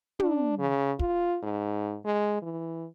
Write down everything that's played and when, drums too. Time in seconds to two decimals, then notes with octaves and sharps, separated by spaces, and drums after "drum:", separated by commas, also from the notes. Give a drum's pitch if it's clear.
0.20 D4, drum: tom
0.58 C#3
1.00 F4, drum: kick
1.43 G#2
2.05 G#3
2.42 E3